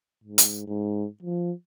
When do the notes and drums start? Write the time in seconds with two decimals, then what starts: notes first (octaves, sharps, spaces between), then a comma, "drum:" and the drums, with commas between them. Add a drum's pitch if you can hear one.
0.24 G#2
0.38 drum: hi-hat
0.68 G#2
1.23 F3